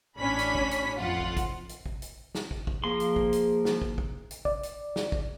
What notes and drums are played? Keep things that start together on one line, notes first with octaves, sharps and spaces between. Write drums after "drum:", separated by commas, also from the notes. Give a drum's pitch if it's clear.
A1 C#4 D4 C#5 B5 B6
drum: hi-hat
drum: kick
drum: hi-hat
F2 F4 F#5
drum: kick
drum: kick, hi-hat
drum: hi-hat
drum: kick
drum: hi-hat
drum: snare
drum: kick
drum: kick
F3 A#3 G#4 C6
drum: hi-hat
drum: kick
drum: hi-hat
drum: snare
drum: kick
drum: kick
drum: hi-hat
D5, drum: kick
drum: hi-hat
drum: snare
drum: kick